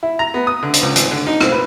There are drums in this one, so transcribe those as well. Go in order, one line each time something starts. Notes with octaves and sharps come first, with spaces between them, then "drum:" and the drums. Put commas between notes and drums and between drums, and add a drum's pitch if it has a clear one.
E4
A#5
B3
D#6
D3
drum: hi-hat
C#2
G#1, drum: hi-hat
D3
D#4
C4, drum: rim click
B4